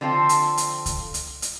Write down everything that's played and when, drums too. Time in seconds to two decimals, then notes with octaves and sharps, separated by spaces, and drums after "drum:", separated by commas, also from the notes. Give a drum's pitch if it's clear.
0.01 D3 F3 C4 F4 A4
0.29 drum: hi-hat
0.57 drum: hi-hat
0.86 drum: kick C#2, hi-hat
1.14 drum: hi-hat
1.42 drum: hi-hat